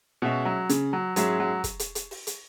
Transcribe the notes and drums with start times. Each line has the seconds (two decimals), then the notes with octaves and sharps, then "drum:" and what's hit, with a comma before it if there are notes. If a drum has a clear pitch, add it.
0.22 B2 G#3 C#4 F#4 E5
0.45 F#3
0.69 C#3, drum: hi-hat
0.93 F#3
1.16 G#2 F#3 G#3 C#4 G#4 E5, drum: hi-hat
1.40 F#3
1.64 drum: kick, hi-hat
1.79 drum: hi-hat
1.95 drum: hi-hat
2.11 drum: open hi-hat
2.27 drum: hi-hat